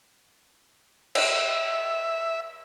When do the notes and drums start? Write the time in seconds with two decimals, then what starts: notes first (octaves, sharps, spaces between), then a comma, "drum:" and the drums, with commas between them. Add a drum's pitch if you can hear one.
1.15 E5, drum: cymbal